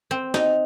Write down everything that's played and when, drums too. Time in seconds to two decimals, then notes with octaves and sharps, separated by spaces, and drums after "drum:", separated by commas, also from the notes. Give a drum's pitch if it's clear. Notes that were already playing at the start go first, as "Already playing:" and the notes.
0.11 C4
0.34 D#4, drum: snare